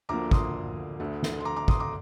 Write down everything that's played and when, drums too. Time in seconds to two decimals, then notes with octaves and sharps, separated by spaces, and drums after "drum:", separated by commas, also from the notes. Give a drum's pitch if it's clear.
0.09 D2 D3 F3 A#3 A#5 D6
0.31 C6 D#6, drum: kick
1.00 D2 D3 A3
1.23 drum: snare
1.40 C6
1.45 A#5 D6
1.56 A#5 D6
1.68 C6 D#6, drum: kick
1.80 A#5 D6